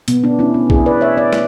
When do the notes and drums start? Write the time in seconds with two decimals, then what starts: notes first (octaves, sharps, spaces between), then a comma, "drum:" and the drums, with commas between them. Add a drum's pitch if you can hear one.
0.08 B2 B3, drum: hi-hat
0.24 B3 D4
0.39 A3 C#4 E4
0.54 C#4
0.70 B2 E4 G#4, drum: kick B1
0.86 B4 D5
1.01 A3 C#5 E5
1.17 B4 D5
1.33 drum: snare